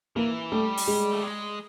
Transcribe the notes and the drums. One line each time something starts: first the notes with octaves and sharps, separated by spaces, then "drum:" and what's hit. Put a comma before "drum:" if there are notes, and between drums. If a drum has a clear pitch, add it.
E3 A#3
G3 A3
drum: open hi-hat
G#3
A3
G#3